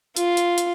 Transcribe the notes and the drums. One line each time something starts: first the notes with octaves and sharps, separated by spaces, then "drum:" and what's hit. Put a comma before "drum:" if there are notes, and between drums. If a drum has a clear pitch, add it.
F4, drum: hi-hat
drum: hi-hat
drum: hi-hat